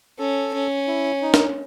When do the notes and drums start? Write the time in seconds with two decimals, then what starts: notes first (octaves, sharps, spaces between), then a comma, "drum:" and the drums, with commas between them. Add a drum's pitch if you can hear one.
0.19 C#4 A4
0.54 C#4
0.88 E4
1.22 D#4
1.34 drum: snare